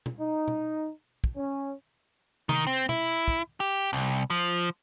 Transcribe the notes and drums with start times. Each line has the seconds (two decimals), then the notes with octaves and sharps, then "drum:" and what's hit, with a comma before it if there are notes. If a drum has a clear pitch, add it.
0.06 drum: tom B2
0.20 D#4
0.48 drum: tom B2
1.24 drum: kick
1.36 C#4
2.49 D#3, drum: tom C3
2.67 C4
2.89 E4, drum: tom B2
3.28 drum: kick
3.60 G4
3.93 C2
4.30 F3